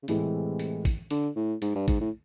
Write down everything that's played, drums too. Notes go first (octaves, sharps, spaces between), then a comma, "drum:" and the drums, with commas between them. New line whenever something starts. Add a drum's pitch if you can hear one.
C#3
A2 C3 E3 G#3, drum: hi-hat
drum: hi-hat
drum: kick, hi-hat
D3, drum: hi-hat
A2
G#2, drum: hi-hat
G2
G#2, drum: kick, hi-hat
A2